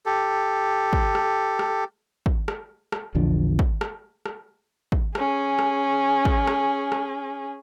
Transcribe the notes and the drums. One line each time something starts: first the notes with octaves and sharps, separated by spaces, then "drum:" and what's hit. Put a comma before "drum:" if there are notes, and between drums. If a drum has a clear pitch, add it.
G4 A4
drum: kick
drum: rim click
drum: rim click
drum: kick
drum: rim click
drum: rim click
A#1 E2 D3 F3
drum: kick
drum: rim click
drum: rim click
drum: kick
C#4 G#4, drum: rim click
drum: rim click
drum: kick
drum: rim click
drum: rim click